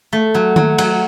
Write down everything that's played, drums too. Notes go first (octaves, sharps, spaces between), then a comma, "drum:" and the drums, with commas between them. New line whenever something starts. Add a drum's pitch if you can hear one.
A3
F#3
F#3, drum: tom D#3
F#3, drum: cymbal